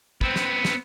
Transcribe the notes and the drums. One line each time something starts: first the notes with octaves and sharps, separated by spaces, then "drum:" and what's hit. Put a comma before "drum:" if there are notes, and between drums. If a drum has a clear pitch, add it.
B3 C4, drum: kick
drum: snare
drum: snare